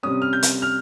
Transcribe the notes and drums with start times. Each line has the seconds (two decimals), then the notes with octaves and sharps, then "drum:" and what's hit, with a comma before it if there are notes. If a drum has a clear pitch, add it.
0.03 C3 G3 C#4 D#6
0.22 F6
0.33 G6
0.43 drum: hi-hat
0.62 F6